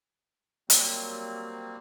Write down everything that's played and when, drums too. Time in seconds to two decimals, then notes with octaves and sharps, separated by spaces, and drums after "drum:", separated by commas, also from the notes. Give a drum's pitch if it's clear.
0.70 F#3 G3 A#3 C4, drum: hi-hat